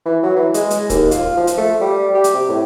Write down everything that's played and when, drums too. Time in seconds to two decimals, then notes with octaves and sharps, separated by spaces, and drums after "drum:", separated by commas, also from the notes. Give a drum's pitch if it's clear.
0.06 E3
0.23 F#3
0.36 E3
0.54 G#3, drum: hi-hat
0.70 drum: hi-hat
0.90 D#2, drum: kick, hi-hat
1.11 F4, drum: hi-hat
1.37 F3
1.47 drum: hi-hat
1.58 A3
1.81 G3
2.15 G4
2.24 drum: hi-hat
2.34 C3
2.49 A2